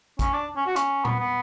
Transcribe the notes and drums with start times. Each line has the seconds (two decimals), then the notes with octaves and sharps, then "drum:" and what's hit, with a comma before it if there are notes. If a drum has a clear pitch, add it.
0.19 C#4, drum: kick G#1, hi-hat
0.33 D4
0.57 C#4
0.67 F#4
0.76 C#4, drum: hi-hat
1.05 B3, drum: tom A#2
1.19 B3